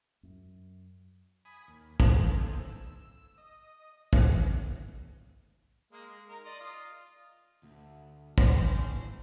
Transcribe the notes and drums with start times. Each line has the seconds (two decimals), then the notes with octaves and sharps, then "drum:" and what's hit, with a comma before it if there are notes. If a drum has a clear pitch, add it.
0.23 F#2
1.45 G#5 B5 D#6
1.68 D#2
2.00 A#2 A3 D#4 A4 C5 G#5, drum: kick
2.63 E6
3.38 D#5
4.13 drum: kick
5.92 G#3 A#3
6.06 G#3
6.29 D#4 A#4
6.45 D5 D#5 C6
6.60 F4 D#6
7.63 D2
8.38 drum: kick
8.53 A2 C#3 C4 C5